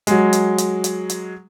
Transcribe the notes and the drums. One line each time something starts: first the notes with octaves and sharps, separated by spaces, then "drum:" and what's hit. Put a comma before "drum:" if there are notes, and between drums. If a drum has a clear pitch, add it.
F#3 G#3, drum: hi-hat
drum: hi-hat
drum: hi-hat
drum: hi-hat
drum: hi-hat